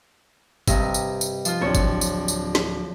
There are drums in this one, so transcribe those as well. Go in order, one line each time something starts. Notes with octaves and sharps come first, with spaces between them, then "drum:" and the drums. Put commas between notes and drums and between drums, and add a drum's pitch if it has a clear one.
G2 C3 D#5, drum: kick, tambourine
drum: tambourine
drum: tambourine
F3 F4, drum: tambourine
D1 C4 D4 C#5
drum: kick, tambourine
drum: tambourine
drum: tambourine
drum: snare